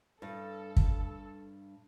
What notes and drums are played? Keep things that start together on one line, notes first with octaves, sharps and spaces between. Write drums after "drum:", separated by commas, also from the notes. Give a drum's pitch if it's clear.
G2 A4
drum: kick